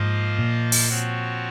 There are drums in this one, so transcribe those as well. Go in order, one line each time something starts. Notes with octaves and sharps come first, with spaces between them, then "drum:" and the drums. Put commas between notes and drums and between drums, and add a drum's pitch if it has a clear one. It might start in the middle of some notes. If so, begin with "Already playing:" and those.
Already playing: G#2 F3 A#3 F4 C5 D#5
A#2
drum: open hi-hat
F3 C4 F#4 C#5